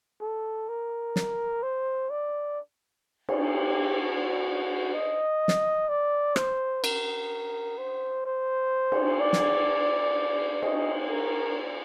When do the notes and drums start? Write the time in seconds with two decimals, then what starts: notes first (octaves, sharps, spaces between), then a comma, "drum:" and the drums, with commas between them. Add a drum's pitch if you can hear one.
0.21 A4
0.69 A#4
1.16 drum: snare
1.63 C5
2.10 D5
3.29 drum: cymbal
3.52 G4
4.00 F#4
4.94 D#5
5.48 drum: snare
5.89 D5
6.36 C5, drum: rim click
6.84 A#4, drum: cymbal
7.78 C5
8.26 C5
8.92 drum: cymbal
9.20 D5
9.33 drum: snare
10.62 D#5, drum: cymbal
11.09 A#4